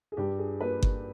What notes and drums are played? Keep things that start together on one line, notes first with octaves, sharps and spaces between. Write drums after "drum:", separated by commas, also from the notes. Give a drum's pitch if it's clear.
G#4
G2 G4
G#4
A#3 B4
drum: kick G1